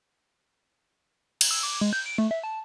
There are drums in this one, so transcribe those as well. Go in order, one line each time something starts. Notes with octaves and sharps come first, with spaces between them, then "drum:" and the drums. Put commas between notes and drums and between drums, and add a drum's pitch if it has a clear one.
drum: cymbal
E6
D6
G#3
G6
D7
A3
E5
A5